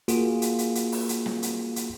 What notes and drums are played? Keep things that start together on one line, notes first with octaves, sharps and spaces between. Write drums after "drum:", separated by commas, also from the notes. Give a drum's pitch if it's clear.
A#3 F4 F#4 G#4, drum: hi-hat
drum: hi-hat
drum: hi-hat
drum: hi-hat
drum: open hi-hat
drum: hi-hat
drum: snare
drum: hi-hat
drum: hi-hat